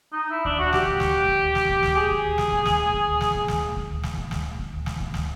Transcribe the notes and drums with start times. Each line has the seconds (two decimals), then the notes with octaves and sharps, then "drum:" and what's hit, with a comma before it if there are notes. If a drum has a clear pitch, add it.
0.13 D#4
0.30 E4
0.45 D4, drum: kick D2
0.59 F#4
0.73 G4, drum: snare
0.86 drum: kick D2
1.00 drum: snare
1.28 drum: kick D2
1.55 drum: snare
1.69 drum: kick D2
1.83 drum: snare
1.97 G#4
2.10 drum: kick D2
2.38 drum: snare
2.52 drum: kick D2
2.65 drum: snare
2.93 drum: kick D2
3.21 drum: snare
3.34 drum: kick D2
3.48 drum: snare
3.76 drum: kick D2
4.03 drum: snare
4.17 drum: kick D2
4.31 drum: snare
4.59 drum: kick D2
4.86 drum: snare
5.00 drum: kick D2
5.14 drum: snare